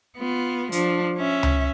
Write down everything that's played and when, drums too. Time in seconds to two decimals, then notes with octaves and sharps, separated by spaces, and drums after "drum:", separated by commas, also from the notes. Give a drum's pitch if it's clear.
0.18 B3 F4
0.72 F3 D4, drum: hi-hat
1.17 C#4 E5
1.43 drum: tom C#2